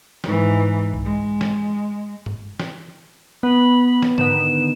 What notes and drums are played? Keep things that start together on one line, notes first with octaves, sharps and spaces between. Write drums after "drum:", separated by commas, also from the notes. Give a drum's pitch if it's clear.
G#2 E3, drum: snare
drum: kick B1
G#3
drum: snare
drum: tom G2
drum: snare
B3 B5
drum: snare
D3 D#3 B3 E7, drum: tom G#2